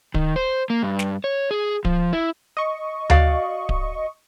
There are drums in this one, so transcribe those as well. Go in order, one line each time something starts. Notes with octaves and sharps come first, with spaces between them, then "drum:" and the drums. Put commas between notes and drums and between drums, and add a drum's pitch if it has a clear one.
D#3, drum: kick D1
C5
A#3
G2
drum: snare
C#5
G#4
F3, drum: kick D1
E4
D#5 C#6
F#4 D5 F5, drum: tom D2
drum: kick D1